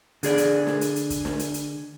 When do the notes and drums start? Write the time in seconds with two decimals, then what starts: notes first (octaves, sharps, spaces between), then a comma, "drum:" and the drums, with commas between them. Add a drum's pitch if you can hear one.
0.23 D3 G#4 D5, drum: hi-hat
0.38 drum: hi-hat
0.67 drum: snare
0.81 drum: hi-hat
0.96 drum: hi-hat
1.10 drum: kick, hi-hat
1.25 drum: snare
1.39 drum: hi-hat
1.54 drum: hi-hat